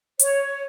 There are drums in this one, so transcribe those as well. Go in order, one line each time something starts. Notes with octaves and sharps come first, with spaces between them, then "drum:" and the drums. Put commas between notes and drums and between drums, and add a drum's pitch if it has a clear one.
C#5, drum: hi-hat